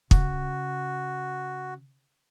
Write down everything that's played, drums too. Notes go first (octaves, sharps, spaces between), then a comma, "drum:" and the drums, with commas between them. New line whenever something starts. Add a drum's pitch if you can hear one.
C#3 F#4, drum: kick